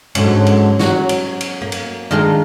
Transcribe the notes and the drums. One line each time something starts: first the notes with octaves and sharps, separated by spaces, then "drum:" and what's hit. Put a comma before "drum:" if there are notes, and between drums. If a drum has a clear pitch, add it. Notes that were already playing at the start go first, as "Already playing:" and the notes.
G#2 D3 F#3 C#4, drum: cymbal
drum: cymbal
F#3 F#4 C#5, drum: snare
drum: cymbal
drum: cymbal
A#3
drum: cymbal
D#3 G#3 D4 F4 A#4